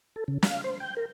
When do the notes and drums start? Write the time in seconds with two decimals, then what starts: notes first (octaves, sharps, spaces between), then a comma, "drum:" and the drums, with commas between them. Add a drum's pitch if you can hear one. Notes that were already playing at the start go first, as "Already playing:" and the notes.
0.16 A4
0.28 C#3
0.42 F5, drum: snare
0.64 C5
0.80 G5
0.97 A#4